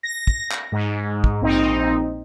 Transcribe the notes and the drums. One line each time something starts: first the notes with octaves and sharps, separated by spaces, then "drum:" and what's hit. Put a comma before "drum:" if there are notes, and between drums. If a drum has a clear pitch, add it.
A#6
drum: kick
drum: clap
G#2
drum: kick
A#1 C4 D#4